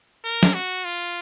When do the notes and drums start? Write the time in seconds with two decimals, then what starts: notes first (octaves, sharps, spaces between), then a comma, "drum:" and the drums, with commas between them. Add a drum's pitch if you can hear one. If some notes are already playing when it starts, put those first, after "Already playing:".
0.25 A#4
0.43 drum: snare
0.54 F#4
0.84 F4